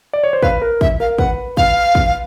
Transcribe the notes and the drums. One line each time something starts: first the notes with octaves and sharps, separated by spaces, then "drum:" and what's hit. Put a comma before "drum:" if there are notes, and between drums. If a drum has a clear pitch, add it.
D5
C#5
C5
B4 F5, drum: kick
A#4
E5, drum: kick
A#4 F5
B4 F#5, drum: kick
F5, drum: kick
drum: kick